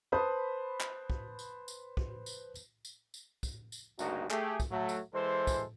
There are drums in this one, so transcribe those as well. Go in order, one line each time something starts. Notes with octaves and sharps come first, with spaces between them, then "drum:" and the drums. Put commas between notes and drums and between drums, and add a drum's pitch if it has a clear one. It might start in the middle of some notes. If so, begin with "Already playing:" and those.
B4 C5 A5 B5 D#6
drum: clap
drum: kick
drum: tambourine
drum: tambourine
drum: kick
drum: tambourine
drum: tambourine
drum: tambourine
drum: tambourine
drum: kick, tambourine
drum: tambourine
D2 G2 C#3 A#3 D#4 F#4, drum: tambourine
A3 G4 G#4, drum: clap
drum: kick, tambourine
F#3 A3
drum: tambourine
E3 G#3 A4 C5
drum: kick, tambourine